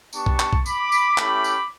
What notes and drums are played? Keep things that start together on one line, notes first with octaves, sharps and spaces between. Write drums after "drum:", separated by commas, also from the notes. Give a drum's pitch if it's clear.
B3 D4 G4 A5 C#6, drum: tambourine
drum: kick B1
drum: clap
drum: kick B1
B5 D6, drum: tambourine
drum: tambourine
A3 C#4 E4 G4 B5 D6, drum: clap
drum: tambourine